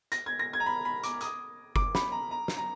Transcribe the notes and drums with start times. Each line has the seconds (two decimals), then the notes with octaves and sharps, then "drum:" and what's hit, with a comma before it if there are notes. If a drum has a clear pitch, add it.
0.12 A#6, drum: hi-hat
0.26 G#6
0.39 A#6
0.53 G#6
0.60 A#5
0.66 B5
0.85 B5
1.03 D6, drum: hi-hat
1.21 D#6, drum: hi-hat
1.76 D6, drum: kick F#1
1.95 B5, drum: snare
2.12 A#5
2.31 A#5
2.48 drum: snare
2.57 A#5